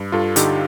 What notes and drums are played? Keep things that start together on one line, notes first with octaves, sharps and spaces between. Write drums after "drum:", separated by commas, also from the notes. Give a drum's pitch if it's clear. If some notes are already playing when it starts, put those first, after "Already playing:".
Already playing: G2
G2 F4 A4
D3 D#4 G4, drum: hi-hat